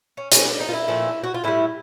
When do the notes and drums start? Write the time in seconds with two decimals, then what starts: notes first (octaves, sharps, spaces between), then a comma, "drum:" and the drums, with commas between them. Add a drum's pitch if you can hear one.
0.17 C#4
0.32 D3 G3 B3 C#4, drum: hi-hat
0.45 D4
0.60 D#4
0.69 F4
0.74 E4
0.88 A#2 F3 A3
1.24 F#4
1.34 F4
1.44 A2 E3 G3 E4